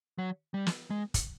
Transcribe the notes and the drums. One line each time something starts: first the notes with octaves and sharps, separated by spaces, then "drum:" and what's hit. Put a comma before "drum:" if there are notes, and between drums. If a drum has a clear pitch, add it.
F#3
G3
drum: snare
G#3
drum: kick, hi-hat